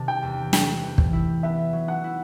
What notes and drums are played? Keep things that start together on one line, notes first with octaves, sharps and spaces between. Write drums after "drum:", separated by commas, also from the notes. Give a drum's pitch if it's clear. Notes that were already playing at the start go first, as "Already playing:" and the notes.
Already playing: C3 D#3 A5
G5
E2
A3 G5, drum: snare
E3
drum: kick
E4
B3 E5
F#3
F#5
E4